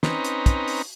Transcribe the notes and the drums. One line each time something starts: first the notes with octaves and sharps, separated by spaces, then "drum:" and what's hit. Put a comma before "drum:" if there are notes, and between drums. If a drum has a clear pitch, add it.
C4 C#4 D#4 B4 A#5, drum: snare
drum: hi-hat
drum: kick, hi-hat
drum: open hi-hat